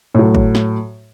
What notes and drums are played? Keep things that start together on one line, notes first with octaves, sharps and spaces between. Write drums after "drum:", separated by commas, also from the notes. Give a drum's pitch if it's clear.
A2 F#3
drum: kick
drum: snare